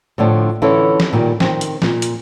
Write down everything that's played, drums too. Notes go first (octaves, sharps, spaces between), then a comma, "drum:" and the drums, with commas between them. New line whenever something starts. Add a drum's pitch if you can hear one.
A2 D3 F3 D4
D3 E3 C#4 E4 F4 A4
drum: snare
A#2 D#3 G3 A#3
D#3 C4, drum: snare
drum: hi-hat
A#2, drum: snare
drum: hi-hat